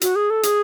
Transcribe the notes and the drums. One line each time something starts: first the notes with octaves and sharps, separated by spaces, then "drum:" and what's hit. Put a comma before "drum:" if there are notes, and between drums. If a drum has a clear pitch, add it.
F#4, drum: hi-hat
G#4
A4
G#4, drum: hi-hat